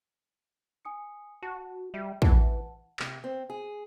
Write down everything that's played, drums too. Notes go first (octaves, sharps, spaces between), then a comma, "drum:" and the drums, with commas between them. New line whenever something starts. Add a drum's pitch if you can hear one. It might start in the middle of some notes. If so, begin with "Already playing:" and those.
G#5 D#6 C#7
F#4 A5
G3 E5
E3 F#5 A5, drum: kick
C3, drum: clap
C4
G#4